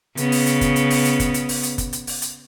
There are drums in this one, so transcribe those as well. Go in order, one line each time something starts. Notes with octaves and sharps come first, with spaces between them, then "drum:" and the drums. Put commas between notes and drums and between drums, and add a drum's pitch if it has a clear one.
C#3 B3, drum: hi-hat
drum: open hi-hat
drum: hi-hat
drum: kick, hi-hat
drum: hi-hat
drum: open hi-hat
drum: hi-hat
drum: kick, hi-hat
drum: hi-hat
drum: open hi-hat
drum: hi-hat
drum: kick, hi-hat
drum: hi-hat
drum: open hi-hat
drum: hi-hat